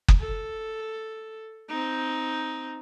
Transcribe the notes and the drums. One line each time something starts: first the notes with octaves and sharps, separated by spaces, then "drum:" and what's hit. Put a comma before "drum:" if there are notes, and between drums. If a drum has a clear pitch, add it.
drum: kick F#1
A4
C4 D#4